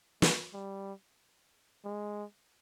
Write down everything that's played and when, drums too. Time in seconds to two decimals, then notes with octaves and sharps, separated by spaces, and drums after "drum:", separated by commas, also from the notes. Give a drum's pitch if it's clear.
0.22 G#3, drum: snare
0.54 G3
1.85 G#3